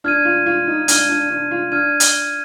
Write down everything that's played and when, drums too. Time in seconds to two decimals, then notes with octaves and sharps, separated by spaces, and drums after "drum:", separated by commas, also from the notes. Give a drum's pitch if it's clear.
0.04 D4 F6 G#6 D#7
0.25 F4
0.46 F4
0.68 D#4
0.88 D4 F6 G#6 D#7, drum: hi-hat
1.09 D4
1.30 D4
1.51 F4
1.72 D4 F6 G#6 D#7
2.00 drum: hi-hat